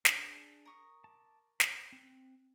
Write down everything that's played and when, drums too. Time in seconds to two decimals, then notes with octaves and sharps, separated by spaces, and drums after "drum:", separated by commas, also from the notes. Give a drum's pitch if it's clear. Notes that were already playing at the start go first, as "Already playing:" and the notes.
0.05 D4 G#4, drum: snare
0.65 A#4 C#6 D#6
1.04 A5 D6
1.60 B5 E6, drum: snare
1.92 C4 F#6